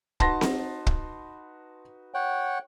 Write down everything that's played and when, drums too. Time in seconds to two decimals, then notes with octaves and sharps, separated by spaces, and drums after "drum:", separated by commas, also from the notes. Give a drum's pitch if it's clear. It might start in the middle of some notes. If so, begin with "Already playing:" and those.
0.20 D#4 F#4 B4 A5 C6 A#6, drum: kick
0.41 drum: snare C4
0.87 drum: kick
2.14 C#5 F#5 G5